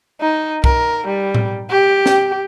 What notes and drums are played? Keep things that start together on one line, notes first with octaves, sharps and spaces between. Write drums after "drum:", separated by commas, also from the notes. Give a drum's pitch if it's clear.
D#4
A#4, drum: kick C2
G3
drum: tom A2
G4
drum: snare